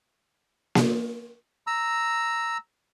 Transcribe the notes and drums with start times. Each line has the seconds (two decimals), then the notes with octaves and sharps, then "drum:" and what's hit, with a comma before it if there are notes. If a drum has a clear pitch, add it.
0.75 drum: snare A#3
1.67 A#5 E6